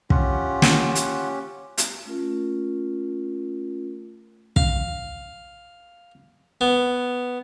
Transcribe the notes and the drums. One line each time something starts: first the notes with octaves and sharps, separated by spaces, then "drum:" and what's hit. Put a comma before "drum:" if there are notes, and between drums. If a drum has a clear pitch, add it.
C#4 F4 G4 F#5, drum: kick
drum: snare
drum: hi-hat
drum: hi-hat
A3 C#4 F4 A#4
F5, drum: kick
B3